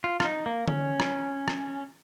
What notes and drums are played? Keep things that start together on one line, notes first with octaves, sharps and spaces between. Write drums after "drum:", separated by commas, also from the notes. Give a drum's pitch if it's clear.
F4
F4, drum: rim click
D#4
A#3
C#4, drum: tom D3
drum: rim click
drum: rim click